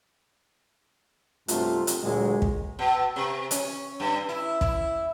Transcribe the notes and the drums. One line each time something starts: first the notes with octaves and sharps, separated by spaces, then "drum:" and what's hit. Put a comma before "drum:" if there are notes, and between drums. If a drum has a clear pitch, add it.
B1 G2 C3 F#3 A3 F4, drum: hi-hat
drum: hi-hat
D2 A#2 F#3 G#3
drum: kick
B2
C3
C#4, drum: hi-hat
G2
E4
E4, drum: kick